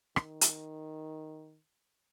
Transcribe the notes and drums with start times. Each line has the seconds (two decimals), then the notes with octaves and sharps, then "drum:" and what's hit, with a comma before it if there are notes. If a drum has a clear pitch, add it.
0.16 D#3, drum: rim click
0.41 drum: hi-hat